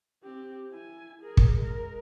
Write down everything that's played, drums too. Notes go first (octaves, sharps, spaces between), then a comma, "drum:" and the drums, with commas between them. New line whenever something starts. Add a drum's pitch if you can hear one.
C4 G4
E4 G#5
G#4 A#4
drum: kick
G#3 A#4